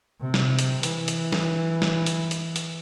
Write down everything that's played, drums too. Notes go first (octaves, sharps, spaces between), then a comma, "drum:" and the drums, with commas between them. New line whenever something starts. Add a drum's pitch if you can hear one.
C3
drum: snare
drum: hi-hat
E3, drum: hi-hat
drum: hi-hat
drum: snare
drum: snare
drum: hi-hat
drum: hi-hat
drum: hi-hat